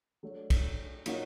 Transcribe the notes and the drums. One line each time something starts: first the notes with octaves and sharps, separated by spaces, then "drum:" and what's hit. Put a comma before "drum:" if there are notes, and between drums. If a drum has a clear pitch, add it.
F#3 A3 D4
drum: kick, cymbal
A#2 F#3 A#3 D#4 F#4, drum: cymbal